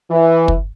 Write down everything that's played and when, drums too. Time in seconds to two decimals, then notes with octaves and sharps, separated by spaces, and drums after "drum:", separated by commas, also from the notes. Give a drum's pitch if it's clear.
0.11 E3
0.48 drum: kick